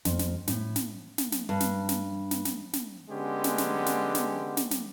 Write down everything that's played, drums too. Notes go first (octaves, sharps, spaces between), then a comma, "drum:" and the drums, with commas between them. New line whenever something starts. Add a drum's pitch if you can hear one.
F2, drum: snare
drum: snare
A2, drum: snare
drum: snare
drum: snare
drum: snare
G2
drum: snare
drum: snare
drum: snare
drum: snare
drum: snare
D3 G#3 B3 C#4 G4
drum: snare
drum: snare
drum: snare
drum: snare
drum: snare
drum: snare